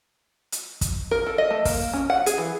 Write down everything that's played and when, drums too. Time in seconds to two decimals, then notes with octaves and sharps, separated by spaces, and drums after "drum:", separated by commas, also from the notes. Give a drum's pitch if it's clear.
0.52 drum: hi-hat
0.81 drum: kick, hi-hat
1.11 A#4
1.26 A4
1.38 D#5
1.50 A3
1.65 A#3, drum: kick, open hi-hat
1.93 C#4
2.10 F#5
2.26 G#4, drum: hi-hat
2.38 E3